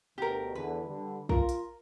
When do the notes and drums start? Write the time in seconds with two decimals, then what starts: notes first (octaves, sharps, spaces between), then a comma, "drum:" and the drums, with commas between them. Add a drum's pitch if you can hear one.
0.18 D2 B2 G4 A#4
0.55 E2 D3 B4
0.87 D3 G3
1.29 F4 A#4, drum: kick
1.49 drum: hi-hat